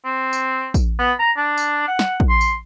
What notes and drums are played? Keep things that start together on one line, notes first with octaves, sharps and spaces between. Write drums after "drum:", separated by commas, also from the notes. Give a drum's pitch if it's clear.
C4
drum: tambourine
drum: kick, tambourine
B3
A#5
D4
drum: tambourine
F#5
drum: snare
drum: kick
C6
drum: tambourine